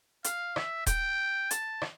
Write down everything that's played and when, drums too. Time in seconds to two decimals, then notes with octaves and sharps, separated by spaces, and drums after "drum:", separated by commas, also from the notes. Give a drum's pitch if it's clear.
0.24 F5, drum: hi-hat
0.56 E5, drum: rim click
0.86 G5, drum: kick D#1, hi-hat
1.51 A5, drum: hi-hat
1.82 drum: rim click